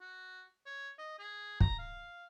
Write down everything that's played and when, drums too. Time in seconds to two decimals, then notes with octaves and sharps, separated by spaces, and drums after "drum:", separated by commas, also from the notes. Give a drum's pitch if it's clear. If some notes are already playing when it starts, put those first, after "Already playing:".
0.01 F#4
0.66 C#5
0.98 D#5
1.19 G#4
1.60 A#5, drum: kick
1.79 F5